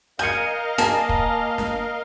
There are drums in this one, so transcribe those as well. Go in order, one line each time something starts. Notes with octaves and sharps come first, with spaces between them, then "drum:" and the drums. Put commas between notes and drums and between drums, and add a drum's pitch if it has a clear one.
A#4 D#5 F5 G#5 G6 C#7
A#3 G#5 A5, drum: hi-hat
drum: kick
drum: snare